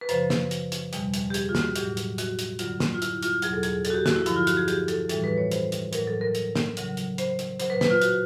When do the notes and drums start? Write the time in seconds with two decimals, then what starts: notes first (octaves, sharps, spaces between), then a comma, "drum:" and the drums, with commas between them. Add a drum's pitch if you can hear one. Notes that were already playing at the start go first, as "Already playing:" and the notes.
0.01 B4
0.09 F#2 C#3 F3 C5, drum: hi-hat
0.30 drum: snare
0.51 drum: hi-hat
0.72 drum: hi-hat
0.93 E2 B2 G3, drum: hi-hat
1.14 drum: hi-hat
1.30 G4
1.34 G#4, drum: hi-hat
1.49 F4
1.55 F#4, drum: snare
1.76 A2 F#3 G4, drum: hi-hat
1.97 drum: hi-hat
2.18 F#4, drum: hi-hat
2.39 drum: hi-hat
2.59 F#2 D3 F#3 F4, drum: hi-hat
2.80 drum: snare
2.94 F4
3.02 E4, drum: hi-hat
3.23 F4, drum: hi-hat
3.42 E2 B2 F#3 G#4, drum: hi-hat
3.53 A4
3.63 G#4, drum: hi-hat
3.85 A4, drum: hi-hat
3.90 F#4
3.94 G4
4.06 F#4, drum: snare
4.16 E4
4.26 G2 D3 F3 E4, drum: hi-hat
4.36 F4
4.47 F#4, drum: hi-hat
4.57 G#4
4.68 G4, drum: hi-hat
4.88 A4, drum: hi-hat
5.09 A2 E3 G3 A4, drum: hi-hat
5.24 B4
5.38 C#5
5.52 C5, drum: hi-hat
5.72 drum: hi-hat
5.93 A2 F#3 A#4, drum: hi-hat
6.07 A4
6.21 A#4
6.35 drum: hi-hat
6.56 drum: snare
6.77 D2 C#3 F#3, drum: hi-hat
6.97 drum: hi-hat
7.18 C5, drum: hi-hat
7.39 drum: hi-hat
7.60 A#2 F#3 C5, drum: hi-hat
7.70 B4
7.81 B4, drum: snare
7.90 F4
8.02 F#4, drum: hi-hat